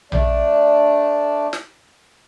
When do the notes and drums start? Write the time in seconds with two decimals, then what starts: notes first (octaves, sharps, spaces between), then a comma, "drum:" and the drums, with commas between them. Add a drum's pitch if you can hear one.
0.12 A3 D4 D5, drum: tom A#1
1.53 drum: snare